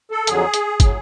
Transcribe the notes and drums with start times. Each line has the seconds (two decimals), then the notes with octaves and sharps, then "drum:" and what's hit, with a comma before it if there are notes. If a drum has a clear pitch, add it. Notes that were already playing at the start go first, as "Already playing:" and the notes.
0.11 A4
0.27 F2 D3 F#3 G#4, drum: hi-hat
0.54 drum: hi-hat
0.80 A2 F#3, drum: kick, hi-hat